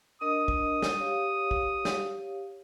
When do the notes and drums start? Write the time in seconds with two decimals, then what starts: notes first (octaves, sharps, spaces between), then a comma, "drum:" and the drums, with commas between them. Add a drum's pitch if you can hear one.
0.21 D4 A#4 D#5 D#6
0.48 drum: kick
0.82 drum: snare
1.00 G4 C#5 F5
1.51 drum: kick
1.85 drum: snare